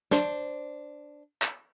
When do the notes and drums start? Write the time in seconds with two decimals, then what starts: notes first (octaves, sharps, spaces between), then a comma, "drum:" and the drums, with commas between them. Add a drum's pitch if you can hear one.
0.11 D4 C5, drum: snare
1.42 drum: clap